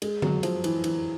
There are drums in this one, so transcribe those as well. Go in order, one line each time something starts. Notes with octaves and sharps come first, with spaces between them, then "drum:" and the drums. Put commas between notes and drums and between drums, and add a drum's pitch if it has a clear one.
G#3, drum: cymbal
F#3, drum: tom D3
F3, drum: cymbal
E3, drum: cymbal
E3, drum: cymbal